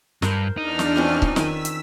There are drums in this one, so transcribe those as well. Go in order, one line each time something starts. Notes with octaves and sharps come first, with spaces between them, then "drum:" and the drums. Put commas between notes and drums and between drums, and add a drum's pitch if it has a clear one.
G2 A#4 C5, drum: snare
E2 D4 D#4 F6
drum: snare
F3 C4 C#4
drum: kick C#1
D#3 G#5 E6 B6, drum: snare
drum: hi-hat